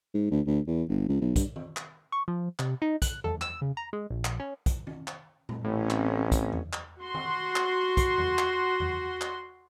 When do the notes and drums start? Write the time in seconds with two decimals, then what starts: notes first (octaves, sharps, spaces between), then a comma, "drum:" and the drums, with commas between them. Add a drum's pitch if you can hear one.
0.14 G#2
0.31 D2
0.47 D2
0.67 E2
0.89 G1
1.08 C#2
1.21 B1
1.36 G2, drum: kick, hi-hat
1.56 drum: tom D#3
1.77 drum: clap
2.12 C#6
2.28 F3
2.59 C3, drum: clap
2.82 D#4
3.02 F#6, drum: kick, hi-hat
3.24 A4, drum: tom E2
3.41 E6, drum: clap
3.61 C#3
3.77 A#5
3.93 G#3
4.10 A#1
4.25 drum: clap
4.40 C#4
4.66 drum: kick, hi-hat
4.87 drum: tom
5.08 drum: clap
5.49 drum: tom A#2
5.64 A1 A2 C4 C#4
5.90 drum: clap
6.32 drum: kick, hi-hat
6.52 drum: tom E2
6.73 drum: clap
7.01 F#4 C6
7.14 drum: tom D#3
7.56 drum: clap
7.97 drum: kick, hi-hat
8.18 drum: tom E2
8.39 drum: clap
8.80 drum: tom E2
9.21 drum: clap